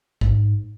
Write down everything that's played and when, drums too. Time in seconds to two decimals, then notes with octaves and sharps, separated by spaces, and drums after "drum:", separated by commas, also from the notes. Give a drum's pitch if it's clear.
0.21 G#2, drum: kick